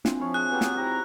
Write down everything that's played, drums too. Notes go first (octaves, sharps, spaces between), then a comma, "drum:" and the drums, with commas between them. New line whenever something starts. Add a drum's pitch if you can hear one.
C4 D4 E4 F4 G#5, drum: snare
F3 C#5 F5 B5
G#4 F#6
F#3 B3 G4 E6
drum: snare
G#2 E4 G4 F#5 A#5 B5